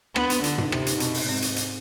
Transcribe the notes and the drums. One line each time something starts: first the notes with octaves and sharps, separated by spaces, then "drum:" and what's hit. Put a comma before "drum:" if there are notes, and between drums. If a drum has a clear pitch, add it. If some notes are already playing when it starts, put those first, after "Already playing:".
B3 D4, drum: rim click
D4, drum: hi-hat
D3 F4, drum: hi-hat
D#4, drum: tom
C3 F4, drum: rim click
D#4, drum: hi-hat
B2 C4, drum: hi-hat
drum: open hi-hat
G#2 C4
drum: hi-hat
drum: hi-hat